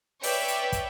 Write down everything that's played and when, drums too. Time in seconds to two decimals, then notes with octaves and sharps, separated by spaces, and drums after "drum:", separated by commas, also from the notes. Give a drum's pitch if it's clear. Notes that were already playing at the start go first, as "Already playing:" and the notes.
0.23 B4 C#5 D5 E5 G5, drum: open hi-hat
0.48 drum: hi-hat
0.72 drum: kick, hi-hat